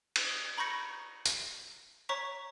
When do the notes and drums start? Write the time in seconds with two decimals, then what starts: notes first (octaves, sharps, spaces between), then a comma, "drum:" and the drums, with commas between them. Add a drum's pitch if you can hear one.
0.16 drum: cymbal
0.58 A#5 B5 C#6 G6 A#6 C#7
1.25 drum: tambourine
2.09 C#5 A#5 C#6 B6